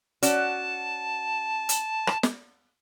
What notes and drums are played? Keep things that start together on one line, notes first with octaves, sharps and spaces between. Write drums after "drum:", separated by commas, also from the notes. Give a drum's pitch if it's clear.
C#4 F#4 D5 A5, drum: hi-hat
drum: hi-hat
drum: rim click
drum: snare